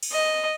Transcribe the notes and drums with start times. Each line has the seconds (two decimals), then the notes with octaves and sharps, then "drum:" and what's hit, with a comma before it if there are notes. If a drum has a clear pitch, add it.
0.03 drum: cymbal
0.12 D#5